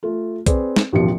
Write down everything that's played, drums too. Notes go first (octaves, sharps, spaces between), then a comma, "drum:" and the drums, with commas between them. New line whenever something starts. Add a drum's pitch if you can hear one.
A3 F4
C4 G#4 B4 D5, drum: kick B1, hi-hat
drum: snare
A1 D#2 B2 F3 C#7